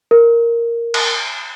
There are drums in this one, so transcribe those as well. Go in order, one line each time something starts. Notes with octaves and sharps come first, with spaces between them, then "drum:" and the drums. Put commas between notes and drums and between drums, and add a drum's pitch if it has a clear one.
A#4
drum: cymbal